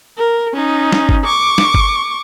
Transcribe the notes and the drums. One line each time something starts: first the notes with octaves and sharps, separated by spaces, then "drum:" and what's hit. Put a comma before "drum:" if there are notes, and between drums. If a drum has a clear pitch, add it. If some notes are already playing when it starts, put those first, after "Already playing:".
A#4
C#4 D#4
drum: snare
drum: kick G1
C#6 D6
drum: snare
drum: kick G1